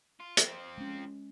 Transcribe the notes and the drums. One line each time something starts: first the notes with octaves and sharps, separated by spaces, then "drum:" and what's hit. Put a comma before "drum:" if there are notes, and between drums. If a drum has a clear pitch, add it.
F4
F3 C4, drum: hi-hat
G#3 C#4